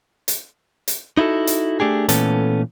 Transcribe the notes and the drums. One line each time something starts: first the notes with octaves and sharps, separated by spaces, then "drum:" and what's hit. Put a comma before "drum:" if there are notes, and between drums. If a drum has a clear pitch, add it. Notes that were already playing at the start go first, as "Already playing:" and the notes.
drum: hi-hat
drum: hi-hat
D#4 E4 F#4 A4
drum: hi-hat
A3 D4 G4 G#4
A#2 E3 A3 B3 C#4 A4, drum: hi-hat